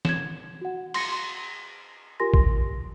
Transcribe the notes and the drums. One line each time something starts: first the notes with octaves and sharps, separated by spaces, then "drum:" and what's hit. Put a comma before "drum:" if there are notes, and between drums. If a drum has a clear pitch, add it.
G#6 E7, drum: snare
F#4 F#5
C6 A#6 C#7, drum: cymbal
C6
F4 G4 A#4 G#5 C6 A#6
C6, drum: kick A#1